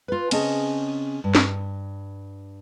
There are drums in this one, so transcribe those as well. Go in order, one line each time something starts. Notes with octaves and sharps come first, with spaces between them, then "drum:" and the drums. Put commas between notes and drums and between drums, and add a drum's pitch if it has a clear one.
F4 B4
C#3 C4 C#4 G#4 D#5 A5, drum: cymbal
G2
drum: snare